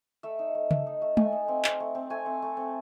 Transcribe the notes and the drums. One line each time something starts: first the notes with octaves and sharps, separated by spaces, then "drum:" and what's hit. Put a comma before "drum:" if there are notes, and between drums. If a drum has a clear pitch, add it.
A3 E5
D#4
A3
A3, drum: tom C#3
D#4
A3
A3 G#5, drum: tom
D#4
C4
C4, drum: clap
A3
C4
A3 G#5
C4
A3
C4